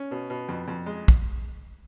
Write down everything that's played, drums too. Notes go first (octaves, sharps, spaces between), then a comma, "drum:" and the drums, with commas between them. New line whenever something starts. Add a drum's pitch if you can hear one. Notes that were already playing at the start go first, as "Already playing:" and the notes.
Already playing: C#4
B2
B2
F2
F2
G#3
drum: kick